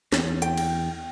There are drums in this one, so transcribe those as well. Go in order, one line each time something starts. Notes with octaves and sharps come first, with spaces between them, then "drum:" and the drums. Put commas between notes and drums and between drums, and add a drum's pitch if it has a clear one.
E2, drum: snare
G5, drum: hi-hat
drum: cymbal